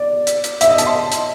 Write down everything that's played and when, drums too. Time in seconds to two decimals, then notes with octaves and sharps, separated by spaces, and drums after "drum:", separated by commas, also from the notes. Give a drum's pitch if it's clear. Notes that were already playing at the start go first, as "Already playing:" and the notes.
Already playing: D5
0.27 drum: hi-hat
0.44 drum: hi-hat
0.61 E5, drum: hi-hat
0.69 D#5
0.78 A5, drum: hi-hat
0.86 C6
1.12 drum: hi-hat